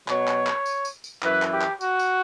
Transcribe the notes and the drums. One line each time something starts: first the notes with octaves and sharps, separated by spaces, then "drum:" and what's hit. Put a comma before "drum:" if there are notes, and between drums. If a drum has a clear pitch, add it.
B2 F#3 C#5, drum: clap
drum: clap
drum: clap
drum: tambourine
drum: tambourine
drum: tambourine
F#2 E3 B4, drum: clap
drum: clap
G4
drum: clap
F#4, drum: tambourine
drum: tambourine